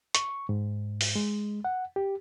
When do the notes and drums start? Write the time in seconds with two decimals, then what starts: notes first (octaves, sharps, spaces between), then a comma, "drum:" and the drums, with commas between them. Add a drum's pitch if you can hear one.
0.15 C#6, drum: hi-hat
0.49 G#2
1.01 drum: open hi-hat
1.16 G#3
1.65 F#5
1.96 G4